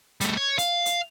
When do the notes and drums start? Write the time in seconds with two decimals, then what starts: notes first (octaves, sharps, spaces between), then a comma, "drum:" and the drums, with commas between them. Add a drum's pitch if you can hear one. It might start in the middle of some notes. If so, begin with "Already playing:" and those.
0.21 G3 A3, drum: hi-hat
0.37 C#5
0.59 F5, drum: hi-hat
0.86 drum: hi-hat